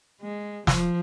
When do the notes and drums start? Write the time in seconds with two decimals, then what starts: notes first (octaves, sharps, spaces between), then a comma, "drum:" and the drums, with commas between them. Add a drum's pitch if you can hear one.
0.21 G#3
0.67 F3, drum: snare